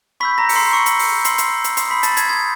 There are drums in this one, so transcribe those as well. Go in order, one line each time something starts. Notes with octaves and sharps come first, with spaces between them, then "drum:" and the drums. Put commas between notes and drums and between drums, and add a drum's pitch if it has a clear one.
B5 C#6 E6 G6 B6
A#5 A#6
C#7, drum: open hi-hat
C6 C7
C#6 E6 G6 C#7
drum: hi-hat
drum: open hi-hat
C6 C#6 E6 G6 C7, drum: hi-hat
drum: hi-hat
drum: hi-hat
C6 D#6 G6 C7, drum: hi-hat
B5 B6
A5 A6, drum: hi-hat
G#6, drum: hi-hat
C6 D#6 G6 G#6